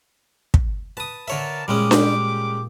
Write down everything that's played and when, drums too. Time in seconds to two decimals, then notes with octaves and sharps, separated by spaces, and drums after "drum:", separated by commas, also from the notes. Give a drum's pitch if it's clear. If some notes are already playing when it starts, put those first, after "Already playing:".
0.54 drum: kick
0.97 B4 A5 D#6
1.28 D3 A#4 C#5 E5 A5
1.68 A#2 G3 G#3 C#4 G4 D6 D#6
1.91 drum: snare D4